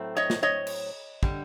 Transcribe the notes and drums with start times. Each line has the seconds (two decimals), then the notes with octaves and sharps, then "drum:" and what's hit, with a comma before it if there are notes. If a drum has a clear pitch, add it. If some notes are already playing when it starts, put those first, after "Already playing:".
Already playing: A2 F#3 A3 C4
0.17 C#5 D#5
0.30 drum: snare
0.43 C#5 D#5
0.67 drum: cymbal
1.23 D3 G3, drum: kick